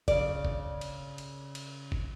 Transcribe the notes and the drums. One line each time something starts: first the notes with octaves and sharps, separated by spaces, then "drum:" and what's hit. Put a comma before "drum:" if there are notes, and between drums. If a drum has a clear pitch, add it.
C#3 D5, drum: kick, cymbal
drum: kick
drum: cymbal
drum: cymbal
drum: cymbal
drum: kick